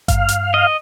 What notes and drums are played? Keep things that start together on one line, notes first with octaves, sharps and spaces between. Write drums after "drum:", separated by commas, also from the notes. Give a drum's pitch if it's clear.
G2 F5, drum: kick G#1, hi-hat
drum: hi-hat
D#5